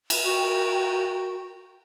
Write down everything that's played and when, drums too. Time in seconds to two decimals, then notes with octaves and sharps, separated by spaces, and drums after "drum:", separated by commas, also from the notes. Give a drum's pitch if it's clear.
0.10 drum: cymbal
0.24 F#4 A#4 G5